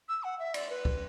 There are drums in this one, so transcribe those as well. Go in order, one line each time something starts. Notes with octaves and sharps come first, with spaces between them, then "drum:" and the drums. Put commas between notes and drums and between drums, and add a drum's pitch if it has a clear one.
E6
F#5
E5
D5, drum: cymbal
B4
drum: kick